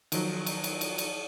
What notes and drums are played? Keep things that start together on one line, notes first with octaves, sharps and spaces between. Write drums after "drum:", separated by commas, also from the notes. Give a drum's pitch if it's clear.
D#3 F3 F#3, drum: cymbal
drum: cymbal
drum: cymbal
drum: cymbal
drum: cymbal